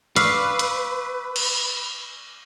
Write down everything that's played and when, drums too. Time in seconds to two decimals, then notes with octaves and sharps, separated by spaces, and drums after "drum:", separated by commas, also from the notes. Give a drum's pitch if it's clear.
0.16 B4 F5 C#6 D6 E6, drum: hi-hat
0.59 drum: hi-hat
1.36 drum: cymbal